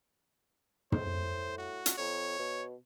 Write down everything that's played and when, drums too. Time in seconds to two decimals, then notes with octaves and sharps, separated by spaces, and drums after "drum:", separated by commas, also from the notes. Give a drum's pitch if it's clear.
0.92 A2 C5, drum: tom
1.58 F#4
1.86 drum: hi-hat
1.98 F2 C#5
2.39 B2